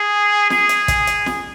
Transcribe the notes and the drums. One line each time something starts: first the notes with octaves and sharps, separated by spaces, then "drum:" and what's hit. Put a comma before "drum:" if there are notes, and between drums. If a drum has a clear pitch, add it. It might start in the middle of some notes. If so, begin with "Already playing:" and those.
Already playing: G#4
G#4, drum: snare
drum: hi-hat
drum: kick, hi-hat
drum: hi-hat
drum: snare